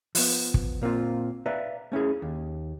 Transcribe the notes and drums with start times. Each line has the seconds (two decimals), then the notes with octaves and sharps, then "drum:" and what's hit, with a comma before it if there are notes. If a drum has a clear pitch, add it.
0.15 F3 B3, drum: open hi-hat
0.54 drum: kick
0.81 A#2 A#3 C4 F4
1.46 B4 D5 E5 F5 A#5
1.92 A3 C#4 E4 G#4
2.22 D#2